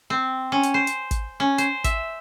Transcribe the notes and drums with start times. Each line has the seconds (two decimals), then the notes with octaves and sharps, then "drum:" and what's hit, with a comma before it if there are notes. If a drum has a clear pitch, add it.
0.10 C4
0.52 C#4
0.63 drum: hi-hat
0.74 C5
0.87 drum: hi-hat
1.11 drum: kick, hi-hat
1.40 C#4
1.58 C5, drum: hi-hat
1.84 E5, drum: kick, hi-hat